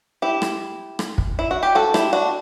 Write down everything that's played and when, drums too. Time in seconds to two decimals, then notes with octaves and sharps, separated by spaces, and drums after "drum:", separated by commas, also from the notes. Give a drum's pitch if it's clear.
0.22 E4 G4
0.42 drum: rim click
0.99 drum: rim click
1.18 drum: kick
1.39 E4
1.51 F#4
1.63 G4
1.75 F#4 A4
1.94 E4 G4, drum: rim click
2.13 D4 F#4